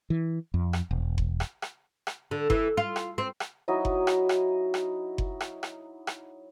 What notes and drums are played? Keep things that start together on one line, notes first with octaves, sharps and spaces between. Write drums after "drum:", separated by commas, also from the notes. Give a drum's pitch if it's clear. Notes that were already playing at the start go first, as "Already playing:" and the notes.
E3
F2
drum: rim click
E1
drum: kick F#1
drum: rim click
drum: rim click
drum: rim click
D3
E3, drum: kick F#1
F4
drum: rim click
C4
drum: rim click
F#3 D#4 E4 D#5
drum: kick F#1
drum: rim click
drum: rim click
drum: rim click
drum: kick F#1
drum: rim click
drum: rim click
drum: rim click